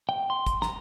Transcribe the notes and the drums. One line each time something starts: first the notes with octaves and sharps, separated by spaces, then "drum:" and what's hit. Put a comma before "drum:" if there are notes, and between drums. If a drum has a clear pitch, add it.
G5
C6
drum: kick, hi-hat
A#5, drum: snare